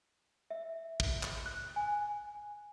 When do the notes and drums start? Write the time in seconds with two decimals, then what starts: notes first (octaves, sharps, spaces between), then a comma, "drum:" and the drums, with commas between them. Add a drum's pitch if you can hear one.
0.51 E5
1.00 drum: kick
1.23 drum: clap
1.46 F#6
1.76 G#5